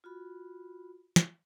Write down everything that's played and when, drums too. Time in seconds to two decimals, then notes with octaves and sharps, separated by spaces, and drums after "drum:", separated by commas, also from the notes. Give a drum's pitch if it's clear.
0.04 F4 F#4 B5
1.16 drum: snare